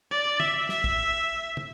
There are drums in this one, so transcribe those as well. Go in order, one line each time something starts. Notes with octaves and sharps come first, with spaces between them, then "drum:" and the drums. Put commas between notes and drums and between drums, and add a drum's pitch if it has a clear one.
D5
E5, drum: tom
E5, drum: snare
drum: kick
drum: tom